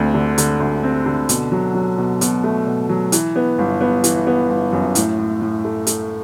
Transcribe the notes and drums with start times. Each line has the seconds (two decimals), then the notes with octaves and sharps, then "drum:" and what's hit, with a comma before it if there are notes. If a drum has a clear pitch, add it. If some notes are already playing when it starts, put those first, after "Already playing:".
Already playing: D2 D3 C4
0.14 D3
0.38 D3, drum: hi-hat
0.60 D2
0.83 C4
1.06 D3
1.29 B2, drum: hi-hat
1.52 F#3
1.75 F#3
1.98 B2
2.21 B2, drum: hi-hat
2.44 A3
2.67 B2
2.89 F#3
3.12 E3, drum: hi-hat
3.36 B3
3.59 G1
3.81 B3
4.04 E3, drum: hi-hat
4.27 B3
4.50 G1
4.73 F#2
4.95 A2, drum: hi-hat
5.19 A2
5.42 A2
5.65 A3
5.87 A3, drum: hi-hat